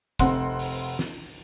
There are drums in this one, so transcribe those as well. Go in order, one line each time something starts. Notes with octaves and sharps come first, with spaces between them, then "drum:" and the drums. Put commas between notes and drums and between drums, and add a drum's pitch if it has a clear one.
F1 C4 F#5 C6, drum: kick, hi-hat
drum: open hi-hat
drum: snare